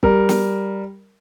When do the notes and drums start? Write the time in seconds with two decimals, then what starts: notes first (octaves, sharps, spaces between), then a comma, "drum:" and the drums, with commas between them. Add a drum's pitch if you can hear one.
0.03 G3 A#4, drum: kick
0.29 drum: snare